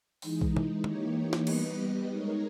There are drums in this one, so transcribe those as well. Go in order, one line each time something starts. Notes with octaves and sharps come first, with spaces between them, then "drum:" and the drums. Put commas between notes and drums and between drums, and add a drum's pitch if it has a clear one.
E3 G#3 D#4, drum: open hi-hat
drum: kick B1
drum: tom
E3 A#3 D#4 G4 C#5, drum: tom
drum: snare
G3 B3 G4 B4 D#5, drum: cymbal
G#3 D#4 A#4 C#5